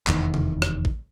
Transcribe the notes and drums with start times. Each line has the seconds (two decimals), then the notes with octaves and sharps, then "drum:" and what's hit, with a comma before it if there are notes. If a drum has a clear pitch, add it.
0.07 F1 E2 D#3, drum: clap
0.34 drum: tom C3
0.62 drum: rim click
0.85 drum: kick